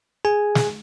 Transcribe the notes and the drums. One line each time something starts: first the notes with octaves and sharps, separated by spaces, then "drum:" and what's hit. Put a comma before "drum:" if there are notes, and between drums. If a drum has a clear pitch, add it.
G#4 G#5
drum: snare